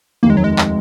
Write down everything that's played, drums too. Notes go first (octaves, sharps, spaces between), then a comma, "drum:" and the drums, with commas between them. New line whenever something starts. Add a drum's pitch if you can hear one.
F1 D#2 D#3 A#3
G#3
F#3
G#3
drum: clap